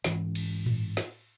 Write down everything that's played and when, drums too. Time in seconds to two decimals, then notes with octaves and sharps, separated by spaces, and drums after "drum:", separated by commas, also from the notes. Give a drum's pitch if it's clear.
0.04 G#2 E3 C#4, drum: snare
0.35 drum: cymbal
0.66 drum: tom A2
0.97 drum: snare